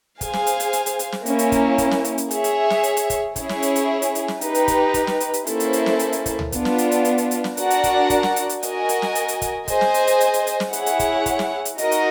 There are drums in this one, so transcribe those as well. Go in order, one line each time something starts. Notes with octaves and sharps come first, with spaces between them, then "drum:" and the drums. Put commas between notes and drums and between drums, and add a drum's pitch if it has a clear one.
G#4 C5 F5 G#5, drum: kick, hi-hat
drum: snare
drum: hi-hat
drum: hi-hat
drum: hi-hat
drum: hi-hat
drum: hi-hat
drum: snare
A#3 C#4 E4, drum: hi-hat
drum: hi-hat
drum: kick, hi-hat
drum: kick, hi-hat
drum: snare
drum: hi-hat
drum: hi-hat
G#4 C#5 E5, drum: hi-hat
drum: hi-hat
drum: snare
drum: hi-hat
drum: hi-hat
drum: kick, hi-hat
C#4 E4 G#4 C#5, drum: kick, hi-hat
drum: snare
drum: hi-hat
drum: hi-hat
drum: hi-hat
drum: hi-hat
drum: snare
D#4 G4 B4, drum: hi-hat
drum: hi-hat
drum: kick, hi-hat
drum: kick, hi-hat
drum: snare
drum: hi-hat
drum: hi-hat
A#3 C#4 E4 A4 C5, drum: hi-hat
drum: hi-hat
drum: hi-hat
drum: snare
drum: hi-hat
drum: hi-hat
drum: kick, hi-hat
drum: tom C#2
B3 D4 F4, drum: kick, hi-hat
drum: snare
drum: hi-hat
drum: hi-hat
drum: hi-hat
drum: hi-hat
drum: hi-hat
drum: snare
D4 F#4 A#4 D5 F#5, drum: hi-hat
drum: hi-hat
drum: kick, hi-hat
drum: kick, hi-hat
drum: snare
drum: hi-hat
drum: hi-hat
F#4 A#4 D#5 G#5, drum: hi-hat
drum: hi-hat
drum: snare
drum: hi-hat
drum: hi-hat
drum: kick, hi-hat
G#4 C5 D#5 G#5, drum: kick, hi-hat
drum: snare
drum: hi-hat
drum: hi-hat
drum: hi-hat
drum: hi-hat
drum: hi-hat
drum: snare
E4 G#4 C#5 F#5, drum: hi-hat
drum: hi-hat
drum: kick, hi-hat
drum: kick, hi-hat
drum: snare
drum: hi-hat
D#4 F#4 A#4 D#5, drum: hi-hat
drum: hi-hat